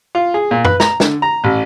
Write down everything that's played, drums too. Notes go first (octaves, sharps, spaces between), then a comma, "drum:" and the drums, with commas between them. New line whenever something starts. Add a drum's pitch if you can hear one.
F4
G#4
A#2
B4, drum: tom F#2
A#5, drum: snare
D3, drum: snare
A#5
A1